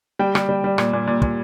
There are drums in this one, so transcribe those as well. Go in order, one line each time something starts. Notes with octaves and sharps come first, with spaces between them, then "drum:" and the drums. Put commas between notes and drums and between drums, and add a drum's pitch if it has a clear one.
G3 G5
G3, drum: rim click
G3
G3
A#2, drum: rim click
A#2
A#2
A#2, drum: kick